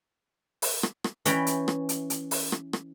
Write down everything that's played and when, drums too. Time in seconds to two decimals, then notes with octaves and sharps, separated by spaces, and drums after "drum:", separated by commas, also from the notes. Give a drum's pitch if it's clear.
0.62 drum: open hi-hat
0.83 drum: rim click
1.04 drum: rim click
1.25 E3 C#4 G5 A#5 B5, drum: hi-hat
1.47 drum: hi-hat
1.68 drum: rim click
1.89 drum: hi-hat
2.10 drum: hi-hat
2.31 drum: open hi-hat
2.52 drum: rim click
2.73 drum: rim click